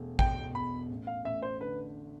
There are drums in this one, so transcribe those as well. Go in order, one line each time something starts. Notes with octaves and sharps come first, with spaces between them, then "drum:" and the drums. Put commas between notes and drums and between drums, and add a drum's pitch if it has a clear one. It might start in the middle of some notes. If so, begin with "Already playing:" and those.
Already playing: E1 A3
B2 G5, drum: kick A1
E2 B5
A1
F5
A1 E5
C5
D3 B4